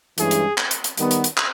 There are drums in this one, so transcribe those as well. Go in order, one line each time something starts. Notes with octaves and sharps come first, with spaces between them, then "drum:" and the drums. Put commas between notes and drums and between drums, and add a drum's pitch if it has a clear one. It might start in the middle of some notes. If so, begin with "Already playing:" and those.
G2 E3 G#3 C#4 G#4, drum: hi-hat
drum: hi-hat
drum: clap
drum: hi-hat
drum: hi-hat
D#3 G3 B3, drum: hi-hat
drum: hi-hat
drum: hi-hat
drum: clap